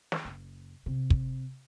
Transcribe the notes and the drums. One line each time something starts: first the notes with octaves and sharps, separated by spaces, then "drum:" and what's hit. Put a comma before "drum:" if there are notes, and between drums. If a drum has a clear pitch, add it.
drum: snare
F#1
C3
drum: kick